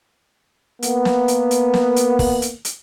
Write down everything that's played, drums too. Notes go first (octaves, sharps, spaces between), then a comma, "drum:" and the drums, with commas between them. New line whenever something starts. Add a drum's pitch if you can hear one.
A#3 B3, drum: hi-hat
drum: snare
drum: hi-hat
drum: hi-hat
drum: snare
drum: hi-hat
drum: kick, open hi-hat
drum: hi-hat
drum: hi-hat